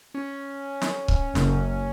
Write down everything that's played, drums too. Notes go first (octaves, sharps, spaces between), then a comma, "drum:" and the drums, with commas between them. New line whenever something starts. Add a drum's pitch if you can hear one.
C#4
drum: snare
drum: kick C#1
F#1 F#2, drum: snare